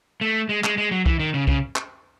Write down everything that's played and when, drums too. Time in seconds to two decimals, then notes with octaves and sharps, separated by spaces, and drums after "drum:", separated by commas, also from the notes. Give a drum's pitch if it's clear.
0.21 A3
0.49 G#3
0.64 G#3, drum: clap
0.78 G#3
0.91 F#3
1.06 E3, drum: kick
1.19 D#3
1.34 C#3
1.47 C#3, drum: kick
1.76 drum: clap